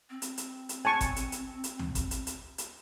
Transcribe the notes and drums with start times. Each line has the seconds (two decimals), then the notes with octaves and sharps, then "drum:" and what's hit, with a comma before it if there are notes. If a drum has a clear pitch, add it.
0.10 C4
0.22 drum: hi-hat
0.38 drum: hi-hat
0.69 drum: hi-hat
0.85 G#5 A5 C#6
1.01 drum: kick G1, hi-hat
1.16 drum: hi-hat
1.32 drum: hi-hat
1.64 drum: hi-hat
1.79 drum: tom D2
1.95 drum: kick G1, hi-hat
2.11 drum: hi-hat
2.27 drum: hi-hat
2.58 drum: hi-hat